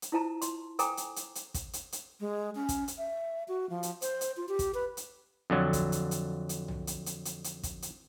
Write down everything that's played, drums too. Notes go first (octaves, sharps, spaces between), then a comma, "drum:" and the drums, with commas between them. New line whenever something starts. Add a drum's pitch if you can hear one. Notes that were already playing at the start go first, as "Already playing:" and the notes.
drum: hi-hat
E4 F4 C5 A5 A#5
C6, drum: hi-hat
A4 C5 G5 G#5 A#5 D6, drum: hi-hat
drum: hi-hat
drum: hi-hat
drum: hi-hat
drum: kick, hi-hat
drum: hi-hat
drum: hi-hat
G#3
C#4
drum: kick, hi-hat
drum: hi-hat
E5
F#4
F3
drum: hi-hat
C5, drum: hi-hat
drum: hi-hat
F4
G4
drum: kick, hi-hat
B4
drum: hi-hat
F2 D3 F#3
drum: kick, hi-hat
drum: hi-hat
drum: hi-hat
drum: hi-hat
drum: tom
drum: hi-hat
drum: hi-hat
drum: hi-hat
drum: hi-hat
drum: kick, hi-hat
drum: hi-hat